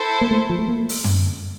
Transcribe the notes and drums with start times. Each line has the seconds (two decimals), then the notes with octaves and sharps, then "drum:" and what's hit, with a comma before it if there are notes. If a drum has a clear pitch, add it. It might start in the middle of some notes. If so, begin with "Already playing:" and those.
Already playing: E4 A4 C5
0.21 A#3
0.31 A3
0.50 F3
0.59 A3
0.68 A#3
0.89 drum: open hi-hat
1.04 drum: tom F#2